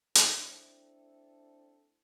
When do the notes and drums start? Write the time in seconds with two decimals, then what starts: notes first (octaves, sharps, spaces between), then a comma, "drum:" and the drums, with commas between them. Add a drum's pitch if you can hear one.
0.15 A3 C4 D4 E4 A4, drum: hi-hat